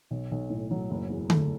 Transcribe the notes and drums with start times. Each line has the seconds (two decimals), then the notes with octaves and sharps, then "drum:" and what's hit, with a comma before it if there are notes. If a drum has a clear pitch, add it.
0.11 B1
0.31 B1
0.50 A2
0.71 F#3
0.90 F#1
1.09 E2
1.30 A3, drum: tom D3